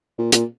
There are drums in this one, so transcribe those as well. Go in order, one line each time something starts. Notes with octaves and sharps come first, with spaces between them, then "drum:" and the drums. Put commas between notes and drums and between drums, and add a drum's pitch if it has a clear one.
A#2
A#2, drum: hi-hat